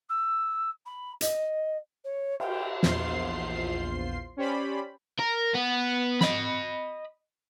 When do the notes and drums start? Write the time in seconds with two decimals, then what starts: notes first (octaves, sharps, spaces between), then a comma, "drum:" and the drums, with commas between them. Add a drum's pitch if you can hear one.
0.09 E6
0.85 B5
1.21 D#5, drum: hi-hat
2.04 C#5
2.40 G5, drum: cymbal
2.83 A#1 E2 F4 C5 C6 C7, drum: snare
4.37 C#4 G4 C5 D5 B5
5.19 A#4
5.54 B3
6.21 D#5 B5, drum: snare